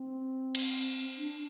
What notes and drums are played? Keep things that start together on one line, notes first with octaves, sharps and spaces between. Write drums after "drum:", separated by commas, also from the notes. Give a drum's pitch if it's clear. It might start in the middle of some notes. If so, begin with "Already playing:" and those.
Already playing: C4
drum: cymbal
D4